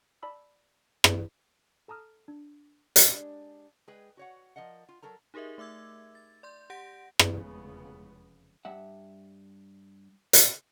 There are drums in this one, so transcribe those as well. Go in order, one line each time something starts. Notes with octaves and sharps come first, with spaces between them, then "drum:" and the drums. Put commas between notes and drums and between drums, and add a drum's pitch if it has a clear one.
D5 A5 B5 E6
drum: rim click
A4 A5 A#5 D#6 F6
D4
drum: hi-hat
G#3 D4 G4
G#3 G#4 B4 G5
F#4 C#5 F#5
F3 A#4 D#5 F#5
F4
F#3 A4 A#4 A#5
D#4 G4 G#4 A#4 D#5 E5
A3 E5 D6 E6 G#6
A6
D5 C6 G6
G4 F#5 G6 A#6 D7
drum: rim click
F1 E2 C#3 G#3 B3
G2 E5 F#5
drum: hi-hat